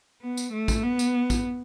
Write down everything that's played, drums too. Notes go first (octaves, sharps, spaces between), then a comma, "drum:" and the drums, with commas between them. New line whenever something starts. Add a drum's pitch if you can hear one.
B3
drum: tambourine
A3
drum: kick, tambourine
B3
drum: tambourine
drum: kick, tambourine